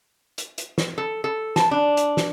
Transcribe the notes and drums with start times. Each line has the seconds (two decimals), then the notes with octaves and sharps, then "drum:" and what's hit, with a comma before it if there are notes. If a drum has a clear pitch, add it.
0.38 drum: hi-hat
0.58 drum: hi-hat
0.78 drum: snare
0.98 A4
1.24 A4
1.56 A5, drum: snare
1.71 D4
1.97 drum: hi-hat
2.17 drum: snare